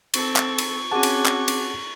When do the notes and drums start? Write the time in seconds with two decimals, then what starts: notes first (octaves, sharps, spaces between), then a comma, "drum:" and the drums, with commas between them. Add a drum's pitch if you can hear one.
0.14 C4 A4 C#6, drum: cymbal
0.36 drum: clap
0.58 drum: cymbal
0.91 C4 C#4 F#4 G#4 F#5 A5 D6
1.03 drum: cymbal
1.25 drum: clap
1.48 drum: cymbal